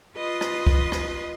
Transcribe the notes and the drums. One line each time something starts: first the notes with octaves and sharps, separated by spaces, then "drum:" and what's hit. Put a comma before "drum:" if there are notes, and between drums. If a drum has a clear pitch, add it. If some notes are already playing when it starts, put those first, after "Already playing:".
F4 B4 D#5 C6 D#6
drum: rim click
drum: kick
drum: rim click